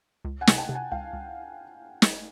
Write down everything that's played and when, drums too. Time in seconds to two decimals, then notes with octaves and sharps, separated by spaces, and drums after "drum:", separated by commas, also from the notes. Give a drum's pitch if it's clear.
0.25 C#2
0.41 F#5 G#5
0.47 C3, drum: snare
0.58 G5 A5
0.69 C3
0.75 F#5 G#5
0.92 C#2 F5 G5
1.13 C#2
2.02 drum: snare